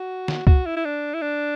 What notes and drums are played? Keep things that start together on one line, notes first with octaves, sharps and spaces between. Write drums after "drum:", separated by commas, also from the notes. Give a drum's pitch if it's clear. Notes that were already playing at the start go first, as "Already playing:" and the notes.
Already playing: F#4
drum: snare
F#4, drum: kick
E4
E4
D4
E4
D4